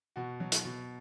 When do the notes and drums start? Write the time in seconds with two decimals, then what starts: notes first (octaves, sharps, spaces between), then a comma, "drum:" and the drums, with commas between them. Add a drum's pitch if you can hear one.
0.16 B2 F#4
0.40 F#3
0.52 drum: hi-hat
0.65 B2